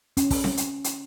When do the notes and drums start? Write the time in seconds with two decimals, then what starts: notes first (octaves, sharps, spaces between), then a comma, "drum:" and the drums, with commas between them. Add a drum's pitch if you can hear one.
0.17 C#4, drum: hi-hat
0.30 drum: kick, open hi-hat
0.44 drum: snare C4
0.57 drum: hi-hat
0.84 drum: hi-hat